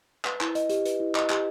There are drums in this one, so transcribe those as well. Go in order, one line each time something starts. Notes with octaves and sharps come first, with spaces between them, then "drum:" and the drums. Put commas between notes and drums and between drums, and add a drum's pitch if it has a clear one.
B4, drum: clap
E4, drum: clap
D#5, drum: hi-hat
G4, drum: hi-hat
B4, drum: hi-hat
E4
D#5, drum: clap
G4, drum: clap